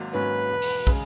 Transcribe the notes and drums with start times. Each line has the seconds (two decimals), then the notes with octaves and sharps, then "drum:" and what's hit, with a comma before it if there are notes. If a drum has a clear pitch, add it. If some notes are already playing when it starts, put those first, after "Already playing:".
Already playing: G#1 G#2 F#3 A#3
0.13 G#2 F#3 A#3 C#4 B4
0.50 E1
0.62 drum: open hi-hat
0.87 C#3 G#3, drum: kick